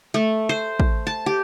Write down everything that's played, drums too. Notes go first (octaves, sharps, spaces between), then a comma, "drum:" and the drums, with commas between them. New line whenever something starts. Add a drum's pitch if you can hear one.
A3
C5
drum: kick
A5
G4